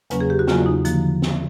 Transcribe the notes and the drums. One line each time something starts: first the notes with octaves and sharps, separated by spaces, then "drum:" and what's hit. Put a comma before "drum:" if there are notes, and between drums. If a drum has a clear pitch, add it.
E2 C#3 F#3 A#3 C#4 B4, drum: hi-hat
G#4
G4
F#4
E2 C#3 F#3 A#3 C#4 F4, drum: snare
D#4
D3 F3 A#3, drum: hi-hat
drum: snare